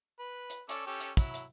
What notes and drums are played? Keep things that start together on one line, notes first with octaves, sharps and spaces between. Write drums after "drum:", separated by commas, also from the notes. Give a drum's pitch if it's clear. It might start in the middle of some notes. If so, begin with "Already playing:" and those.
B4
drum: hi-hat
C#4 A4 D5, drum: hi-hat
C#4 G4 A4
drum: hi-hat
F#3 E4, drum: kick, hi-hat
drum: hi-hat